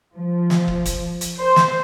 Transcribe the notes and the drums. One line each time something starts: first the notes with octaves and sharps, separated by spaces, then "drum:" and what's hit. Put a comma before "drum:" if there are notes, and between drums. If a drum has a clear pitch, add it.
F3
drum: snare
drum: kick
drum: kick, hi-hat
drum: hi-hat
C5
drum: snare